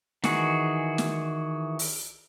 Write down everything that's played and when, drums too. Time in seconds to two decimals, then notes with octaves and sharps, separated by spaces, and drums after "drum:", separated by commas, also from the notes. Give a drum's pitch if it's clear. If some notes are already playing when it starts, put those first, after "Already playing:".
0.24 D#3 E3 F#4 G#4, drum: snare
0.98 drum: snare
1.79 drum: open hi-hat